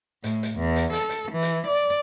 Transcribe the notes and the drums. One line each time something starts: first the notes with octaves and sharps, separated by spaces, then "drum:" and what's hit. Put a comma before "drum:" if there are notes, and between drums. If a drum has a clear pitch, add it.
A2, drum: hi-hat
drum: hi-hat
E2
drum: hi-hat
A4, drum: hi-hat
drum: hi-hat
E3
drum: hi-hat
D5